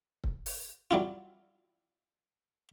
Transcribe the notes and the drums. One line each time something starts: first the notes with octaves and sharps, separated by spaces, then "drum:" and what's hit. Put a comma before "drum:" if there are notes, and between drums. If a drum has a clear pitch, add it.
drum: kick C#1
drum: open hi-hat
F#3 G3 E4 F4